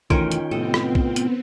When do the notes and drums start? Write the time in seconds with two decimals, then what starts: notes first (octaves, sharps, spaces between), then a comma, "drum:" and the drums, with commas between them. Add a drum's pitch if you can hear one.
0.10 F1 D#3 E3 A3 C#4 F4 A#4 G5, drum: kick
0.32 drum: hi-hat
0.51 A2 C3 B3 C4 A4 D#5
0.74 drum: rim click
0.95 drum: kick
1.16 drum: hi-hat